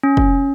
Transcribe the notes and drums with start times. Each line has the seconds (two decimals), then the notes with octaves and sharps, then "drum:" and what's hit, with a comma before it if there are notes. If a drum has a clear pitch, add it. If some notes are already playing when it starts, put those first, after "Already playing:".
0.03 C#4
0.17 drum: kick